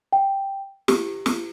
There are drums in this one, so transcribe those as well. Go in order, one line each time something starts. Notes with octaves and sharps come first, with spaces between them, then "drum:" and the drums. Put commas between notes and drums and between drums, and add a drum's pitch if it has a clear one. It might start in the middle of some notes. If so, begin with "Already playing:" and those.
G5
G4, drum: snare
drum: snare